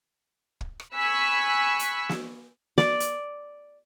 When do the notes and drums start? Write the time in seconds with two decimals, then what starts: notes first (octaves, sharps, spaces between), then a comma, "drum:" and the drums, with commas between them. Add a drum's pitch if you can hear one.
0.61 drum: kick
0.80 drum: rim click
0.95 G#5 B5 C#6 E6 F#6 B6
1.79 drum: hi-hat
2.09 drum: snare
2.78 D5, drum: snare
3.00 drum: hi-hat